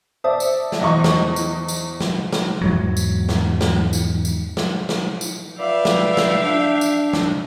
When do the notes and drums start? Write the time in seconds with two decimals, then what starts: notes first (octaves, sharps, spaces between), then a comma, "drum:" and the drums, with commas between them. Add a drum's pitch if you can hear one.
0.24 C5 D5 E5 A5 D#6
0.40 drum: tambourine
0.72 drum: snare
0.81 E2 D#5 C#6
1.04 drum: snare
1.36 drum: tambourine
1.68 drum: tambourine
2.00 drum: snare
2.33 drum: snare
2.61 E2 G#2 F#3
2.97 drum: tambourine
3.29 drum: snare
3.61 drum: snare
3.93 drum: tambourine
4.25 drum: tambourine
4.57 drum: snare
4.89 drum: snare
5.21 drum: tambourine
5.59 F4 B4 D5 E5 F5 G5
5.85 drum: snare
6.17 drum: snare
6.42 D4
6.81 drum: tambourine
7.13 drum: snare